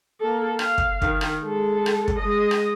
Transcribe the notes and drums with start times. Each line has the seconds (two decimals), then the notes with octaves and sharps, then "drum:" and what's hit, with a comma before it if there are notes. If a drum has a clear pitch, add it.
0.21 A#3 A4
0.59 F5, drum: rim click
0.78 drum: kick
1.02 D#3, drum: kick
1.21 drum: rim click
1.43 G#3 A4
1.86 drum: rim click
2.08 drum: kick
2.19 G#3 D#5
2.51 drum: rim click